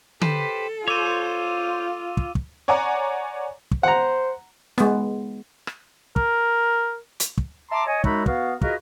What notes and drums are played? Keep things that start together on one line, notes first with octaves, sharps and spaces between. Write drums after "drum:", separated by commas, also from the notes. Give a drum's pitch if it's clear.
G4 A4 B4 C5, drum: tom D3
F4 C5 C#5 D6 E6 D#7
drum: kick
drum: kick
C#5 D5 F#5 G#5 A#5 D6
drum: kick
C5 F#5 A#5
G#3 B3, drum: snare
drum: rim click
A#4, drum: kick
drum: hi-hat
drum: kick
E5 A5 A#5 C6 D6
C#5 D#5 G#5
F#2 G#3 D#4 F#4 E5 B5, drum: kick
B3 F#4 F5, drum: kick
F4 F#4 G#4 A#4 B4 D#5, drum: kick